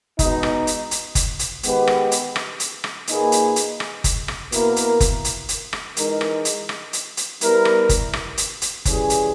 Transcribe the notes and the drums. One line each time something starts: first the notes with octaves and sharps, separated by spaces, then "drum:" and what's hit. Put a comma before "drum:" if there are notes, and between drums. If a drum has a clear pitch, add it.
B2 G#3 D#4, drum: kick F#1, hi-hat
drum: rim click
drum: hi-hat
drum: hi-hat
drum: kick F#1, hi-hat
drum: hi-hat
D#3 G#3 B3 G4 B4, drum: hi-hat
drum: rim click
drum: hi-hat
drum: rim click
drum: hi-hat
drum: rim click
A#2 A#3 D#4 G#4 B4, drum: hi-hat
drum: hi-hat
drum: hi-hat
drum: rim click
drum: kick F#1, hi-hat
drum: rim click
B2 A#3 E4 A#4, drum: hi-hat
drum: hi-hat
drum: kick F#1, hi-hat
drum: hi-hat
drum: hi-hat
drum: rim click
E3 G#3 D#4 A#4, drum: hi-hat
drum: rim click
drum: hi-hat
drum: rim click
drum: hi-hat
drum: hi-hat
G3 B3 E4 A#4, drum: hi-hat
drum: rim click
drum: kick F#1, hi-hat
drum: rim click
drum: hi-hat
drum: hi-hat
E3 G3 C#4 G#4, drum: kick F#1, hi-hat
drum: hi-hat